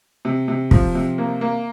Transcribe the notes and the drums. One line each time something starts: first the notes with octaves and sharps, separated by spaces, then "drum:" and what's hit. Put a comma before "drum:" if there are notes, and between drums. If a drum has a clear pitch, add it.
C3
C3
F3, drum: kick
C3
A#3
A#3